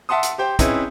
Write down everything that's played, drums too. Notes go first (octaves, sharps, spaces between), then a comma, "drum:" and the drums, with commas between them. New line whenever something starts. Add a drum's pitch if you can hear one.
E5 F#5 A5 C6 D#6
drum: hi-hat
G4 C5 G5
C4 C#4 D#4 E4 G#4 B4, drum: kick, hi-hat